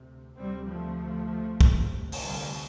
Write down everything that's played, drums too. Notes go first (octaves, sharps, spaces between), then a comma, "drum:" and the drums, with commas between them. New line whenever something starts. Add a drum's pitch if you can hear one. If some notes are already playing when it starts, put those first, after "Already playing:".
Already playing: D2 C3
D2 C3 G3 C4
F3 A3
D2 C3, drum: kick
drum: open hi-hat
D3 G3